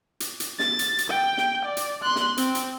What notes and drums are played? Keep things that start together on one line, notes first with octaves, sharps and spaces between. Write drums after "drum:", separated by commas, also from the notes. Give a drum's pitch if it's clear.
drum: hi-hat
drum: hi-hat
A6, drum: snare
drum: hi-hat
drum: hi-hat
G5
drum: snare
D5
drum: hi-hat
C6 F#6
drum: snare
C4, drum: hi-hat
drum: hi-hat